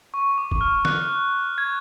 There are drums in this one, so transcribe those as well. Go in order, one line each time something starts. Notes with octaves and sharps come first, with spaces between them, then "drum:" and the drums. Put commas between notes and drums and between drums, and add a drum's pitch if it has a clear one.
C#6
D6
drum: kick
F6
F#6, drum: snare
G#6